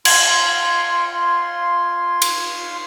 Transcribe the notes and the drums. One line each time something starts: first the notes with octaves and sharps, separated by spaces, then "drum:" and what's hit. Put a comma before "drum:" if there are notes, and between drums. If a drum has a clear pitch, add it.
F4 C6 G#6, drum: cymbal
drum: cymbal